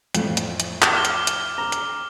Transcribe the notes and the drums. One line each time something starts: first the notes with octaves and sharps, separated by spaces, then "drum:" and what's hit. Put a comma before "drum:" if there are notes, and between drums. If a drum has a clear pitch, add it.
F2 A2, drum: hi-hat
drum: hi-hat
drum: hi-hat
drum: clap
D6 F6 G7
drum: hi-hat
drum: hi-hat
A#5
drum: hi-hat